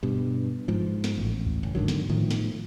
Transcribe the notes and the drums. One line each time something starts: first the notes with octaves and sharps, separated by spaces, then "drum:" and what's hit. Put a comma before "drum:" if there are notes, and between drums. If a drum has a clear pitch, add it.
G2 B2
G#2 F3
drum: snare
A1
drum: kick D2
F#1
G#2 D3 D#3 F#3
drum: snare
A2 D#3 F3
drum: snare